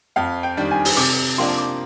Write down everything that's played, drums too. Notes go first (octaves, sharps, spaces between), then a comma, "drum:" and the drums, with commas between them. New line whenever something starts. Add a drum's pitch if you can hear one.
F2 F5
G5
D#3 G3 D4
G#5
drum: open hi-hat
C3 D6
F3 A#3 D4 C6
D6